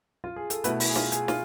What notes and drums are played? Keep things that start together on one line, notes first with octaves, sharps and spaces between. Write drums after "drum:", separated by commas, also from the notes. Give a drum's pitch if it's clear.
F4
G#4
A4, drum: hi-hat
B2 A3 E4 B4, drum: hi-hat
E4, drum: open hi-hat
G#4
F4, drum: snare
G#4, drum: hi-hat
F4, drum: snare